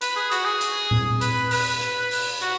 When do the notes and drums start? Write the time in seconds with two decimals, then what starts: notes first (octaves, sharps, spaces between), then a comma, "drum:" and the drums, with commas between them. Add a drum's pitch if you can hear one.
0.01 B4, drum: hi-hat
0.16 G#4
0.32 F#4, drum: hi-hat
0.45 G#4
0.61 drum: hi-hat
0.91 drum: tom A#2
1.21 B4, drum: hi-hat
1.51 B4, drum: open hi-hat
1.81 drum: hi-hat
2.11 drum: open hi-hat
2.42 F#4, drum: hi-hat